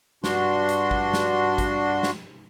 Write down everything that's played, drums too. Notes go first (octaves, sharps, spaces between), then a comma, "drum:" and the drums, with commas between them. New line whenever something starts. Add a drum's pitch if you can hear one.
G2 D4 F#4 C6, drum: snare
drum: hi-hat
drum: kick
drum: snare
drum: kick, hi-hat
drum: snare